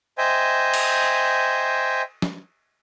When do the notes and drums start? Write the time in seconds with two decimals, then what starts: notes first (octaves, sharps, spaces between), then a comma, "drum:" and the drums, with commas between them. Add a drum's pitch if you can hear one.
0.18 C5 D#5 E5 G5 G#5
0.74 drum: cymbal
2.22 drum: snare